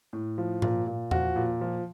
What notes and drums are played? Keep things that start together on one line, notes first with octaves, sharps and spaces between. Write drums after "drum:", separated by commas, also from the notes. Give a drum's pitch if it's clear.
A2
F3
A#2, drum: tom G#2
A#2
F3 F#4, drum: tom E2
A#2
F3